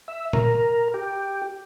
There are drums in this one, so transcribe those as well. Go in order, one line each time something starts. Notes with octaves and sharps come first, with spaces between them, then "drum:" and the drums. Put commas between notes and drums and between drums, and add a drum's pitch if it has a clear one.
E5
A#4, drum: tom A#2
G4